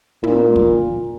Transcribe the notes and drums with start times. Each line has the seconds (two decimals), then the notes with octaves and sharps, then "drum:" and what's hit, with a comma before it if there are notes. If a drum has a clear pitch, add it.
0.23 A#2, drum: tom
0.56 drum: kick